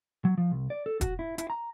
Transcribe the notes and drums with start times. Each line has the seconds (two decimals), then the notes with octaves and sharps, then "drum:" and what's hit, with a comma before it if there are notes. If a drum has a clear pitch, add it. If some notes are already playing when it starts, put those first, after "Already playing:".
0.25 F#3
0.38 F3
0.51 C2
0.70 D5
0.86 A4
1.01 F#4, drum: kick E1, hi-hat
1.19 E4
1.38 E4, drum: hi-hat
1.50 A#5